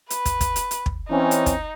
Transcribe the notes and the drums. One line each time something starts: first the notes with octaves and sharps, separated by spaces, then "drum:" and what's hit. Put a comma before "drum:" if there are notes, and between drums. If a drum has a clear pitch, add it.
B4, drum: hi-hat
drum: kick, hi-hat
drum: kick, hi-hat
drum: hi-hat
drum: hi-hat
drum: kick
E3 C4 C#4 D#4
drum: hi-hat
drum: kick, hi-hat